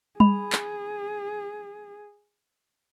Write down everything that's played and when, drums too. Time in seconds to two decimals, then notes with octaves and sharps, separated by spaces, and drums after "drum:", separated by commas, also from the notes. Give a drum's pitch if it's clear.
0.20 G#4 B5, drum: tom G3
0.52 drum: clap